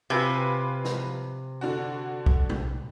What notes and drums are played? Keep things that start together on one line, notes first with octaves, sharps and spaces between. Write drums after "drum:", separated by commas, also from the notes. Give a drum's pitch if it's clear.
C3 F4 B4 G#5
drum: snare
D3 D4 F#4
drum: kick B1
drum: tom